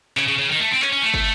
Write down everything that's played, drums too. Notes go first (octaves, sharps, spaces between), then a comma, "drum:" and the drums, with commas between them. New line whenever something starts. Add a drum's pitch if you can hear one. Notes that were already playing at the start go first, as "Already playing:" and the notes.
C#3, drum: clap
C#3
C#3
D#3
A3
C4
C#4, drum: clap
C#4
A3
drum: kick